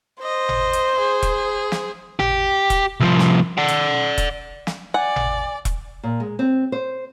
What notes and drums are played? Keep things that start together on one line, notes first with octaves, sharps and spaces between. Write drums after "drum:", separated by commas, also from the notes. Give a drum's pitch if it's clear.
C5 D#5
drum: tom G#1
drum: hi-hat
G#4
drum: kick E1, hi-hat
drum: snare
G4, drum: tom G#1
drum: kick E1, hi-hat
C2 F3
drum: snare
D5 F#5
drum: hi-hat
drum: kick E1, hi-hat
drum: snare
D5 F#5 G#5
drum: tom G#1
drum: kick E1, hi-hat
A#2
G#3
C4
C5